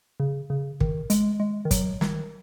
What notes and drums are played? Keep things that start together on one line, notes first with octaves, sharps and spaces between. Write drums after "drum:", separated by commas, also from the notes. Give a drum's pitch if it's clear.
C#3
C#3
D#3, drum: kick
G#3, drum: hi-hat
G#3
D#3
F#3, drum: kick, hi-hat
D#3, drum: snare